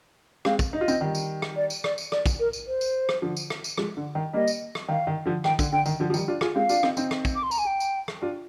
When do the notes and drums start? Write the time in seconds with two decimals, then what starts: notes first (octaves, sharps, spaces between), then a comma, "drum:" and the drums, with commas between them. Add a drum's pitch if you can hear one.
0.45 G#3 C4 F5, drum: rim click
0.59 drum: kick, tambourine
0.73 D#4 D#5
0.81 F4
0.88 C4 D#4, drum: tambourine
1.00 D#3 G3
1.15 drum: tambourine
1.42 drum: rim click
1.56 D5
1.70 drum: tambourine
1.84 D5, drum: rim click
1.98 drum: tambourine
2.12 D5, drum: rim click
2.26 drum: kick, tambourine
2.40 A#4
2.53 drum: tambourine
2.67 C5
2.81 drum: tambourine
3.09 drum: rim click
3.22 D3 F3
3.37 drum: tambourine
3.50 drum: rim click
3.64 drum: tambourine
3.78 F3 G#3, drum: rim click
3.97 D3
4.15 D#3
4.33 G3 A#3 D#5
4.47 drum: tambourine
4.75 drum: rim click
4.89 D#3 F5
5.07 D#3
5.25 D3 F3
5.44 D#3 G5, drum: rim click
5.59 D3, drum: kick, tambourine
5.72 D3 G5
5.86 D#3, drum: tambourine
6.00 D3 F3
6.10 F3
6.14 D#3 G3, drum: tambourine
6.28 D4 F4
6.41 F4 G#4, drum: rim click
6.55 G#3 C4 F5
6.69 D4 F4, drum: tambourine
6.83 C4 D#4, drum: rim click
6.97 C4 D#4, drum: tambourine
7.11 drum: rim click
7.25 drum: kick, tambourine
7.35 D6
7.43 C6
7.51 A#5, drum: tambourine
7.59 G#5
7.66 G5
7.80 drum: tambourine
8.08 drum: rim click
8.21 D4 F4